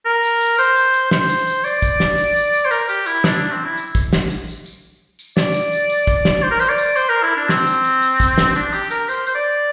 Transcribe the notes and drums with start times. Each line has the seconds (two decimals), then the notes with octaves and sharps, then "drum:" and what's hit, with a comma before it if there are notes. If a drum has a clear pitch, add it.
0.05 A#4
0.23 drum: tambourine
0.41 drum: tambourine
0.58 C5, drum: tambourine
0.76 drum: tambourine
0.94 drum: tambourine
1.11 C5, drum: snare
1.29 drum: tambourine
1.47 drum: tambourine
1.64 D5, drum: tambourine
1.82 drum: kick, tambourine
2.00 drum: snare
2.18 drum: tambourine
2.36 drum: tambourine
2.53 drum: tambourine
2.65 C5
2.71 A#4, drum: tambourine
2.89 G4, drum: tambourine
3.06 E4, drum: tambourine
3.24 D4, drum: snare
3.38 D4
3.51 C4
3.64 E4
3.77 drum: tambourine
3.95 drum: kick, tambourine
4.13 drum: snare
4.30 drum: tambourine
4.48 drum: tambourine
4.66 drum: tambourine
5.19 drum: tambourine
5.37 D5, drum: snare
5.54 drum: tambourine
5.72 drum: tambourine
5.90 drum: tambourine
6.07 drum: kick, tambourine
6.25 drum: snare
6.43 C5
6.51 A#4
6.60 C5, drum: tambourine
6.69 D5
6.78 drum: tambourine
6.96 C5, drum: tambourine
7.09 A#4
7.23 E4
7.36 D4
7.49 C4, drum: snare
7.67 drum: tambourine
7.84 drum: tambourine
8.02 drum: tambourine
8.20 drum: kick, tambourine
8.38 drum: snare
8.55 D4, drum: tambourine
8.73 G4, drum: tambourine
8.91 A#4, drum: tambourine
9.09 C5, drum: tambourine
9.27 C5, drum: tambourine
9.35 D5